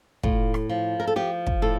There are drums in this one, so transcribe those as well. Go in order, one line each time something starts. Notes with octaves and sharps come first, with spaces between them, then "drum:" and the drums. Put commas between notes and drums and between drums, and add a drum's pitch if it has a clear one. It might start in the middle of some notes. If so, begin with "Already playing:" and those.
A2 F4, drum: kick
drum: rim click
F3
A#4
A4
F3 G4
drum: kick
A2 A4